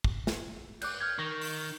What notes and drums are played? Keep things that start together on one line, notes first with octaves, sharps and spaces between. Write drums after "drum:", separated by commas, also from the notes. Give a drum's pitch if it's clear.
drum: kick
drum: snare
D6 F#6 G6, drum: cymbal
F6 G6 G#6
D#3 C#6 A#6
drum: open hi-hat